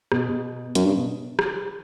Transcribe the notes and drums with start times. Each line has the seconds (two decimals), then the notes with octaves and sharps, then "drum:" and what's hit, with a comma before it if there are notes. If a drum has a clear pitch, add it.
0.12 B2, drum: rim click
0.28 B2
0.75 F#2, drum: hi-hat
0.85 G2 C#3
0.97 B2
1.39 drum: rim click